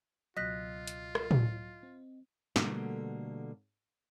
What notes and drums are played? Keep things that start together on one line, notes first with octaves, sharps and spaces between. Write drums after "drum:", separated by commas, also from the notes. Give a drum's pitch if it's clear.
C#2 B2 F#3 F4 D#5 F#6 A#6 B6
drum: hi-hat
drum: rim click
drum: tom
C4
B2 D3 G3 A3 A#3 F#4, drum: snare